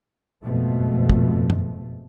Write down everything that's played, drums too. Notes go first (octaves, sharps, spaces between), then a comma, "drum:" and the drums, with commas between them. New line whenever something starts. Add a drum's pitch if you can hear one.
F#1 F2 G#2 B2 F3 A3
drum: kick
drum: tom F#2